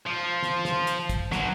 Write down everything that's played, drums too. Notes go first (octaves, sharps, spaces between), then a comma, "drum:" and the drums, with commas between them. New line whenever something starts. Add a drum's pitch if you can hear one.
F3
drum: snare
drum: snare
drum: hi-hat
drum: kick, hi-hat
B2 F#3, drum: snare